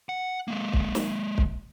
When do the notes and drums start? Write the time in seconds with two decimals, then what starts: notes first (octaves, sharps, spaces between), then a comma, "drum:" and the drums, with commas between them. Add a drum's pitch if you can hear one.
0.09 F#5
0.48 G#3 A#3
0.73 drum: kick
0.95 drum: snare
1.38 drum: kick